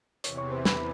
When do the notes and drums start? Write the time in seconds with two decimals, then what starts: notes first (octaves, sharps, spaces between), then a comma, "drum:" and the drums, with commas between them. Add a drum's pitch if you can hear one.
0.24 E2 C3 E3 C#5 C#6, drum: hi-hat
0.37 C#5 C#6
0.52 C5 C6
0.65 B4 B5, drum: snare